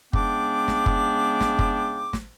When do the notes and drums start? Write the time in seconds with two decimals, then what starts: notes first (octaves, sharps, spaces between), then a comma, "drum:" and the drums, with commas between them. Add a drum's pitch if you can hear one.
0.13 C#3 G#3 B3 D4 G5 D6, drum: kick
0.68 drum: snare
0.86 drum: kick
1.41 drum: snare
1.59 drum: kick
2.13 drum: snare